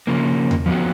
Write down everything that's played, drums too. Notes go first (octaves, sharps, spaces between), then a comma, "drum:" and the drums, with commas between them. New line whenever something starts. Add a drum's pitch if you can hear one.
C#3 F3 A#3
drum: tom E2
F3 B3 F#4